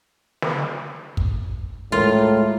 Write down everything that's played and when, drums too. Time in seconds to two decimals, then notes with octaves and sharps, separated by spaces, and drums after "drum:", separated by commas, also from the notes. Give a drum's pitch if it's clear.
0.42 drum: snare
1.17 drum: kick
1.92 A2 G#3 F4 A#4